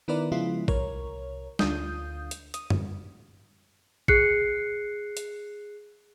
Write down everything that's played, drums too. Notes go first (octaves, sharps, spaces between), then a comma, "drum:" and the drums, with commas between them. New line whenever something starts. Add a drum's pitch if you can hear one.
D#3 B3 E4 A#4 B4 D5
C#3 F3 G#3 B3 E4 F4
C2 A#4 C#5, drum: kick
D2 D4 F4 F5 D#6 G6, drum: snare
drum: hi-hat
D#6, drum: hi-hat
drum: tom F#2
G#4 F#6 C7 C#7, drum: kick
drum: hi-hat